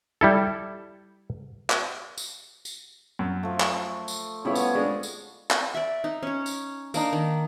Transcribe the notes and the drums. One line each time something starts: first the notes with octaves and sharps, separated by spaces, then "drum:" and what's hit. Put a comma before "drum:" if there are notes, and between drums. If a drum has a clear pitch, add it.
G3 E4 A4
drum: clap
drum: tambourine
drum: tambourine
F#2
F3 A3
drum: clap
drum: tambourine
C#3 F3 G3 B3 E4 C#5
drum: tambourine
G#3 D4
drum: tambourine
drum: clap
D5 E5
D#4
C#4 C#5
drum: tambourine
A#3 D4 D#4, drum: tambourine
D#3